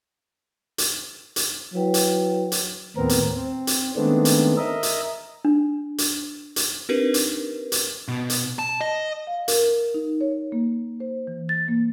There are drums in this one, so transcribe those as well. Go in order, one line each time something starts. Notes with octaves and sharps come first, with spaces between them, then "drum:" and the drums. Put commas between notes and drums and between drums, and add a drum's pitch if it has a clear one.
drum: hi-hat
drum: hi-hat
F#3 E4 B4 G5
drum: hi-hat
drum: hi-hat
D#2 A2 B3 C4 A#4
drum: hi-hat
C4
drum: hi-hat
D#3 G#3 A3 B3 C4 D4
drum: hi-hat
A#4 D#5 E5
drum: hi-hat
D4
drum: hi-hat
drum: hi-hat
C4 D4 D#4 G4 A#4 B4
drum: hi-hat
drum: hi-hat
B2
drum: hi-hat
A5
D#5
F5
A#4, drum: hi-hat
D#4
C#5
A#3
C5
E3
A6
A#3